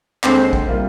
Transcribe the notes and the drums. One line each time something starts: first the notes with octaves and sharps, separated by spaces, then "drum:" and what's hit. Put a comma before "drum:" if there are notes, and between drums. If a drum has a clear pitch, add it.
D#2 D3 G#3 C4 C5, drum: clap
drum: kick
C3 G3 A#3 F4